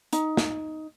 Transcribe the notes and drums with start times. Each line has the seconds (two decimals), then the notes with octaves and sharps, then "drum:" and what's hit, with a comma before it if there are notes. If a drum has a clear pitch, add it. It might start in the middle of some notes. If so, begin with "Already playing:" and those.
0.13 D#4, drum: hi-hat
0.37 drum: snare